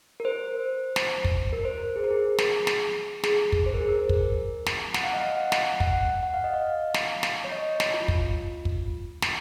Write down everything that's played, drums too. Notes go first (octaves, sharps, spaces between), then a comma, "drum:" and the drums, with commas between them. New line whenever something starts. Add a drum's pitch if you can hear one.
A#4
C5
drum: snare
drum: kick
A#4
C5
A#4
G#4
A#4
G#4
drum: snare
drum: snare
G#4, drum: snare
drum: kick
C5
A#4
G#4
A#4
drum: kick
drum: snare
F#5, drum: snare
F5
D#5
F5
F#5
drum: snare
F#5, drum: kick
F#5
F5
D#5
F5
drum: snare
drum: snare
C#5
D#5
drum: snare
F4
drum: kick
drum: kick
drum: snare